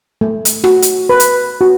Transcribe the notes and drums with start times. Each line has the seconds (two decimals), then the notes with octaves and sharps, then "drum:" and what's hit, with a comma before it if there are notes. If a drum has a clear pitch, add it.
0.21 A3
0.45 drum: hi-hat
0.64 F#4, drum: rim click
0.82 drum: hi-hat
1.09 B4
1.20 drum: hi-hat
1.61 F#4